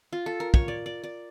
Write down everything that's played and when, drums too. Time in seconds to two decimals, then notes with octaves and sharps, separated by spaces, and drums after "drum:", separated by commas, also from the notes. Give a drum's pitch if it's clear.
0.13 F4
0.26 A4
0.40 A#4
0.54 C#5, drum: kick
0.68 D5
0.86 D5
1.04 D5